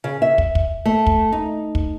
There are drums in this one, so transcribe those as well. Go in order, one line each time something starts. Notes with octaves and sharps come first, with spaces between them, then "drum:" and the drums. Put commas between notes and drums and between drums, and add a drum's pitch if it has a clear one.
C#3
E5
drum: kick
drum: kick
A3
drum: kick
D#4
drum: kick